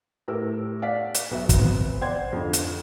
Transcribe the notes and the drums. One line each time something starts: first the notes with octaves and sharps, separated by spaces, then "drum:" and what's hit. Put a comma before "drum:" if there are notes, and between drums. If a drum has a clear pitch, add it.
A2 G4 A#4 E6
D5 F5 F#5 B6
drum: hi-hat
B1 B3 F#4 E5
drum: kick, hi-hat
B3 C4
C5 D5 F#5 G5 C6 G#6
F2 D3
drum: hi-hat